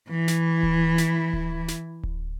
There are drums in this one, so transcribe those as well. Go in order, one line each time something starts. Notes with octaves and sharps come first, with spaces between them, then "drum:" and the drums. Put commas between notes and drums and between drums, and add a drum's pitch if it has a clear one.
E3 E4
drum: snare
drum: kick D1
drum: snare
drum: kick D1
drum: snare
drum: kick D1